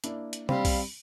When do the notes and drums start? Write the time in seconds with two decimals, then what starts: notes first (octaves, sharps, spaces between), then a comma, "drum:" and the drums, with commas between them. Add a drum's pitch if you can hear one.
0.04 A#3 D4 E4, drum: hi-hat
0.33 drum: hi-hat
0.49 G3 C4 F5 B5, drum: tom
0.65 drum: kick B1, open hi-hat